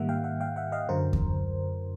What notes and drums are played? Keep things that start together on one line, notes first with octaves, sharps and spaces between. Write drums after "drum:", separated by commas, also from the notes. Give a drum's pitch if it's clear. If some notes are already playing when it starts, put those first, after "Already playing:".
Already playing: G#2 D#3 G3 A#3 E5 F#5
F5 G5
E5 F#5
F5 G5
E5 F#5
D#5 F5
F#2 D3 F#3 A#4 C5
drum: kick D#2